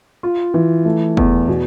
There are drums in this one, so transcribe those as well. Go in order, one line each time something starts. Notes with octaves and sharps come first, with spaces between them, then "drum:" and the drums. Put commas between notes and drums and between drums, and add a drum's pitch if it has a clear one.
F4
E3
A3
E2, drum: kick
B2